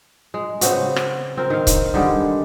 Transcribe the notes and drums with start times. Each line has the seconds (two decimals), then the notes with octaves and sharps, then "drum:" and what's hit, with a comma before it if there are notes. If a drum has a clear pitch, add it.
0.34 G#3
0.61 C#3 B3 C4 F#4, drum: hi-hat
0.96 drum: rim click
1.37 C4 A#4
1.50 D#3 F5
1.67 drum: kick C#1, hi-hat
1.94 D3 D#3 G3 G#3